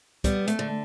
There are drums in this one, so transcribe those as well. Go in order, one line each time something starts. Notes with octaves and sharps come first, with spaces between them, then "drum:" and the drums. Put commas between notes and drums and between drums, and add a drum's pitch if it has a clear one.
G3 B3, drum: kick, hi-hat
A3, drum: hi-hat
D3